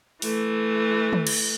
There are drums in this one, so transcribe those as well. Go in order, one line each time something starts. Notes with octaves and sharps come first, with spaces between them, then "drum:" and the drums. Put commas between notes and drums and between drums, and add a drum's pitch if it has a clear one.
E3 A3, drum: open hi-hat
drum: tom
drum: cymbal